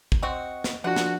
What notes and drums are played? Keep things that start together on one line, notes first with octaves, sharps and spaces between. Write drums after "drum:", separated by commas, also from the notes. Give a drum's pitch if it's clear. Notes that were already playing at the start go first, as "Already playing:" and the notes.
drum: kick
C4 F#4 D#5
drum: snare
F3 D4 F4 F#4 F#5
drum: snare